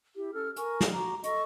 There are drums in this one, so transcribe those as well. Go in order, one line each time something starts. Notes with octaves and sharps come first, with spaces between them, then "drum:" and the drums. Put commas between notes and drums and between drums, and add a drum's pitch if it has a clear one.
E4 G4
C#4 A4 F6
A#4 G#5 C#6, drum: hi-hat
drum: snare
F#4 A#5 D6
A4 D#5 C#6, drum: hi-hat